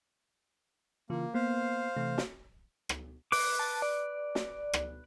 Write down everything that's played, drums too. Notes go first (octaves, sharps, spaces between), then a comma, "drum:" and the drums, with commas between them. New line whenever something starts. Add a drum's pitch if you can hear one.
C#3 E3 A#3 F4
A#3 B3 C5 F5
C3 E3 A3
drum: snare
drum: rim click
B4 D6, drum: open hi-hat
A5
D5
drum: snare
drum: rim click